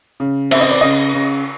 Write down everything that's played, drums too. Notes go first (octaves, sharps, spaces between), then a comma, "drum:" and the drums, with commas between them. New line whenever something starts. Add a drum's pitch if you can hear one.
C#3
C4 E5, drum: cymbal
D#5
D5
C#3 D#5
C#3